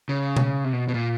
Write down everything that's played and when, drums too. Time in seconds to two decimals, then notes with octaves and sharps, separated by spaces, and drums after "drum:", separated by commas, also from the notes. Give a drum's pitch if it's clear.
0.09 C#3
0.37 drum: tom B2
0.64 C3
0.73 B2
0.88 B2
0.94 A#2